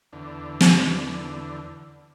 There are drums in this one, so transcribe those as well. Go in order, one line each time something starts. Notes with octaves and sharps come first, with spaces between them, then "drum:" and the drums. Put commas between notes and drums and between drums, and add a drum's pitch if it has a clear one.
E2 D3
drum: snare